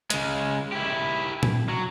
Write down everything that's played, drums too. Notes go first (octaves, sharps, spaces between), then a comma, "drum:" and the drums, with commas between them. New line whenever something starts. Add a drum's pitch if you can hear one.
C#3 G#3, drum: hi-hat
E4 G4
drum: tom A#2
F#3